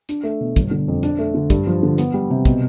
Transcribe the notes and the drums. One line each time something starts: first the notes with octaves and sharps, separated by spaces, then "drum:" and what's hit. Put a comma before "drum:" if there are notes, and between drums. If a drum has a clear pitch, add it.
D4, drum: hi-hat
A3
B2
G1, drum: kick, hi-hat
D3
F2
D4, drum: hi-hat
A3
D3
G2, drum: kick, hi-hat
F3
D3
B3, drum: hi-hat
G3
C3
B2, drum: kick, hi-hat